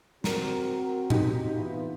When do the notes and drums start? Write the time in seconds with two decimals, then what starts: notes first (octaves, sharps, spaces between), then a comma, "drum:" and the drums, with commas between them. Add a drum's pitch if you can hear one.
0.24 C4 F#4 A#4, drum: snare
1.10 D#4 G4, drum: tom A2
1.55 E3 B3 F4